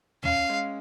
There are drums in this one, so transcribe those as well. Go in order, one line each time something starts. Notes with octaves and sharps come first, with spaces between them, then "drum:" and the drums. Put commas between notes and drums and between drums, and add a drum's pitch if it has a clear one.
C#4 F5, drum: tom
G#3